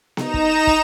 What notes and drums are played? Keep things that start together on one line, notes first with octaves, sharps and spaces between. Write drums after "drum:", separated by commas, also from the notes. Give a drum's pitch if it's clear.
D#4 A#5 E7, drum: snare B3
drum: kick
drum: kick